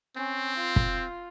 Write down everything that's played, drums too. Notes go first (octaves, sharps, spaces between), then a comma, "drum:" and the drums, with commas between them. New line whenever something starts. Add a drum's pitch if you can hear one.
C4 C#4
F4
drum: kick